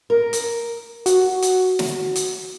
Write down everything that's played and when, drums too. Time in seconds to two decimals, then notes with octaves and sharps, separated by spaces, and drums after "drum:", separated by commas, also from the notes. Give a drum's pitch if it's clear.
0.10 A#4
0.33 drum: hi-hat
1.06 F#4, drum: hi-hat
1.42 drum: hi-hat
1.79 drum: snare
2.16 drum: hi-hat